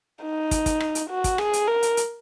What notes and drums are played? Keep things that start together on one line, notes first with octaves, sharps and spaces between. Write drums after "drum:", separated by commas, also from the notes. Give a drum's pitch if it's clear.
D#4
drum: kick, hi-hat
drum: kick, hi-hat
drum: rim click
drum: hi-hat
F#4
drum: kick, hi-hat
G#4, drum: rim click
drum: hi-hat
A#4
drum: hi-hat
drum: hi-hat